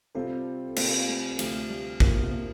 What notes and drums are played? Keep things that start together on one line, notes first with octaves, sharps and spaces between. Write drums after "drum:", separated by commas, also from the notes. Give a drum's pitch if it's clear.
C3 G3 C4 F4 A4
C3 G3 A#3 C4 F4, drum: cymbal
A3
D2 C3 F3 A3, drum: cymbal
G3
D2 C3 F3 A#3, drum: kick
A#3